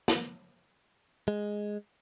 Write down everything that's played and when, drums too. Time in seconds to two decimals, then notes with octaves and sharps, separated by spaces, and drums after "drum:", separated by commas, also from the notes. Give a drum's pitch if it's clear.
0.08 drum: snare
1.28 G#3